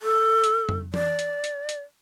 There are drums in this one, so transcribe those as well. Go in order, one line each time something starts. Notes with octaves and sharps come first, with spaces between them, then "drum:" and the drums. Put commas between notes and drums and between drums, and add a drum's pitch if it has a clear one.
A4
drum: hi-hat
drum: tom F2
D5, drum: tom E3
drum: hi-hat
drum: hi-hat
drum: hi-hat